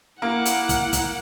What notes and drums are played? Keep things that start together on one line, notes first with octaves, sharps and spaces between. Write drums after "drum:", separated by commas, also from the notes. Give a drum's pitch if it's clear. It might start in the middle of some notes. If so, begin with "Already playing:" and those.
A#3 E4 F#5
drum: hi-hat
drum: kick, hi-hat
drum: kick, hi-hat